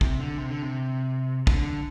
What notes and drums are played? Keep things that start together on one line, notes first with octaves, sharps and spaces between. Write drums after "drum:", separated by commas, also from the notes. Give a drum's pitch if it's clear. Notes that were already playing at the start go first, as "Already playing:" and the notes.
C3, drum: kick
D3
C3
D3
C3
D3, drum: kick